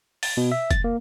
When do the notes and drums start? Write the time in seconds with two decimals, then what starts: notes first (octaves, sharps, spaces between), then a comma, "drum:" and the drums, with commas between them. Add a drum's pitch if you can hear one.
0.23 A6, drum: open hi-hat
0.37 B2
0.52 E5
0.71 A6, drum: kick, hi-hat
0.84 A#3